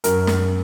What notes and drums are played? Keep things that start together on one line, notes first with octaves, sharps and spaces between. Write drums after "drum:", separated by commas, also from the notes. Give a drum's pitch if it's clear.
F#2 A#4, drum: hi-hat
drum: snare